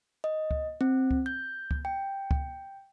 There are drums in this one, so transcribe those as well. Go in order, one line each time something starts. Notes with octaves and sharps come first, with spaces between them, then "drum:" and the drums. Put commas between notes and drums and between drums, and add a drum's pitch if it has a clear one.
D#5
drum: kick C#2
C4
drum: kick C#2
G6
drum: kick C#2
G5
drum: kick C#2